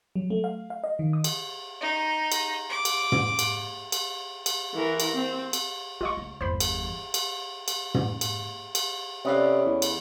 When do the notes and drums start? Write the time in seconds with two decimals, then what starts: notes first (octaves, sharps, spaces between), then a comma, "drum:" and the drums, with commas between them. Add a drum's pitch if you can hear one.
0.16 F#3
0.30 A3
0.44 F5
0.70 F5
0.84 D#5
0.99 D#3
1.13 D#6
1.24 drum: cymbal
1.81 D#4
2.32 drum: cymbal
2.69 D6
2.85 drum: cymbal
3.12 drum: tom
3.39 drum: cymbal
3.92 drum: cymbal
4.46 drum: cymbal
4.74 E3 A#4
5.00 drum: cymbal
5.14 C4
5.53 drum: cymbal
6.01 A3 F4 D#5 C#6
6.17 C#2
6.41 G1 E2 C5 B5
6.60 drum: cymbal
7.14 drum: cymbal
7.68 drum: cymbal
7.94 drum: tom
8.21 drum: cymbal
8.75 drum: cymbal
9.25 C3 C#4 A4 B4 D5 D#5 F5
9.65 E2
9.82 drum: cymbal